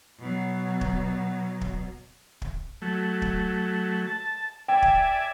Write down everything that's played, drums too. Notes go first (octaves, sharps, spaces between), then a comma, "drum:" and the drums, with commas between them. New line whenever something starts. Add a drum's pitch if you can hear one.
B2 F#3
drum: kick
drum: kick
drum: kick
F#3 A3
drum: kick
A5
D5 E5 G5 G#5
drum: kick